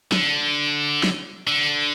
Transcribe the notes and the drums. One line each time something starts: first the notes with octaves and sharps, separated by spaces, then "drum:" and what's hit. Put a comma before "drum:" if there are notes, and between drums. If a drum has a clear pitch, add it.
D3, drum: snare
drum: snare
D3